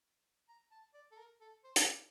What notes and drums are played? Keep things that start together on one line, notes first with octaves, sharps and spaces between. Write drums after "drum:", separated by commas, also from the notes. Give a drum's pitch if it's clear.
A#5
A5
D5
A4
A#4
A4
C5
drum: hi-hat
D5